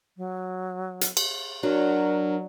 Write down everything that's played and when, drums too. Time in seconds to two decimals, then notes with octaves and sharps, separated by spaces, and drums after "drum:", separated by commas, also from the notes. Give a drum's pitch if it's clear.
0.17 F#3
1.01 drum: hi-hat
1.17 drum: cymbal
1.63 F#3 D4 A#4